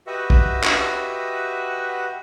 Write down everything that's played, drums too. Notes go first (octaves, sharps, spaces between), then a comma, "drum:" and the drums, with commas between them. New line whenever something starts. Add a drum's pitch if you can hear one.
F#4 G4 B4 D#5 E5 F#5
drum: kick
drum: clap